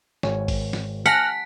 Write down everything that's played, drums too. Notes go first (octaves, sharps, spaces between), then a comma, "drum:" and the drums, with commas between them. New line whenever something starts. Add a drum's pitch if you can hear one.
G#1 C#5 G#5, drum: snare
drum: kick, open hi-hat
drum: snare
F#5 G#5 A5 F6 F#6 A#6 B6